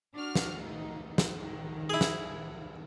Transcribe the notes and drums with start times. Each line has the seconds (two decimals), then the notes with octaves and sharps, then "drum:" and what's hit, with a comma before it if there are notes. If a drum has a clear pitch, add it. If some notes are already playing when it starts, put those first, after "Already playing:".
0.13 D4 F#4 F6
0.35 drum: snare
0.56 A3 D#4
1.18 drum: snare
1.36 D#3
1.90 E4 G#4
2.01 drum: snare